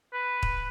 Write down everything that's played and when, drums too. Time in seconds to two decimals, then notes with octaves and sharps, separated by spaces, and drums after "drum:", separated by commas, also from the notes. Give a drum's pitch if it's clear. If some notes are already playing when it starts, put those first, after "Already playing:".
0.13 B4
0.43 drum: kick